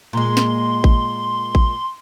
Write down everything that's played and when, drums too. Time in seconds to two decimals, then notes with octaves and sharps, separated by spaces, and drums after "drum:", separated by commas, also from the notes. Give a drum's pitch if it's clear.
0.13 A#2 G#3 C6
0.37 drum: snare
0.84 drum: kick A1
1.55 drum: kick A1